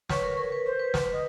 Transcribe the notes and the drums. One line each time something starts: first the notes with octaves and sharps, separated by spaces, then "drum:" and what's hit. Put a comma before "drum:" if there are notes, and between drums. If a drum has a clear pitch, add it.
B4 C#5, drum: snare
A#4
A#4
B4
C5
B4
drum: snare
D#5